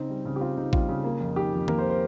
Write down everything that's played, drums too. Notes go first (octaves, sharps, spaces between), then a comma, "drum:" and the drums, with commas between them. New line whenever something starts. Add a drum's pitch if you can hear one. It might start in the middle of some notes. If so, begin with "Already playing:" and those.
Already playing: C#3 C4 D#4
G3
C#3
G4
C4 F4
C#3 D#4
G3 F4, drum: kick A1
C#3
A#3
F2
D#3 G4
F2
A#3 A#4, drum: tom
C5
C5